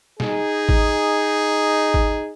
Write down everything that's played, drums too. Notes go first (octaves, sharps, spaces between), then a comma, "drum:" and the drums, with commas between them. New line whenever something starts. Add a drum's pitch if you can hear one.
D#4 G#4, drum: snare
drum: kick G#1
drum: kick G#1